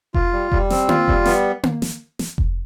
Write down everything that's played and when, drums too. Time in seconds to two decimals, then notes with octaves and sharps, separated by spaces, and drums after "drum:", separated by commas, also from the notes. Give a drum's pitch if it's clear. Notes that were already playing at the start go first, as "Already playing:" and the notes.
0.14 F4, drum: kick F1
0.33 G3
0.52 G3, drum: kick F1
0.70 C4, drum: snare
0.89 F4, drum: tom A#3
1.08 G3, drum: kick F1
1.26 B3, drum: snare
1.63 drum: tom A#3
1.82 drum: snare
2.19 drum: snare
2.38 drum: kick F1